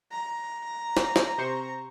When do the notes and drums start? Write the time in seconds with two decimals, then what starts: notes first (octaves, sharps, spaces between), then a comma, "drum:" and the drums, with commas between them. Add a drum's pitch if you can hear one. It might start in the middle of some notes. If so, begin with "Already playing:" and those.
0.12 A#5
0.97 drum: snare
1.16 drum: snare
1.38 C3 C5 C#6